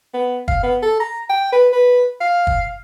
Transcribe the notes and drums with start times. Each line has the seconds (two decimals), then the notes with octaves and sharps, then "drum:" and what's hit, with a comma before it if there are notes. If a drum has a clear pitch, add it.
0.14 B3
0.48 F5, drum: kick
0.63 B3
0.82 A4
1.00 A#5
1.29 G5
1.52 B4
1.73 B4
2.21 F5
2.47 drum: kick